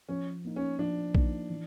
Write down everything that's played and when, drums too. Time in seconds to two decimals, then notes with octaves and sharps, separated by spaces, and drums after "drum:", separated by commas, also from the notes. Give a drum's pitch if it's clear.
0.09 F3 C#4
0.44 A#3 D#4
0.56 C#4
0.79 F3 D4
1.15 A#3 D#4, drum: kick A#1
1.50 E3